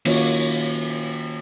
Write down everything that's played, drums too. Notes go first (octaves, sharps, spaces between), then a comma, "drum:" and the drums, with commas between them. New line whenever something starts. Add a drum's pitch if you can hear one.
D#3 A#3 C#4 F4 F#4 C#5, drum: cymbal